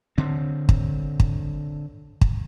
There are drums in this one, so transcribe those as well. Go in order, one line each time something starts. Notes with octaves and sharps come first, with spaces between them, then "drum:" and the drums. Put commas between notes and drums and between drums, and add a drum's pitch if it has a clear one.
D3 C4
drum: kick
drum: kick
drum: kick